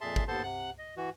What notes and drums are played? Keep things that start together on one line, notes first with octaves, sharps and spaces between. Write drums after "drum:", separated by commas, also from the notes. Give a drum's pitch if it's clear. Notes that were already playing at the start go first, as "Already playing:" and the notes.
F2 A#2 G#4 E5 A5 C6
drum: kick
D#2 B3 A4 C5 A5 C6
C3 F#5 F#6
D#5
E3 F#4